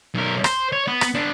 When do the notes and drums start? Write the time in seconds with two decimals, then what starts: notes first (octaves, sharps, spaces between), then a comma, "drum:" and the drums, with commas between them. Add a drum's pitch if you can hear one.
0.14 B1 A#4
0.44 C5, drum: rim click
0.73 C#5
0.88 B3
1.01 drum: rim click
1.15 B3 D4